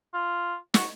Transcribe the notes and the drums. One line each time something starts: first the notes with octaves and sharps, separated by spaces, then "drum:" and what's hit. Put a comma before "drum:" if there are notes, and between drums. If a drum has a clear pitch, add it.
F4
F#4, drum: snare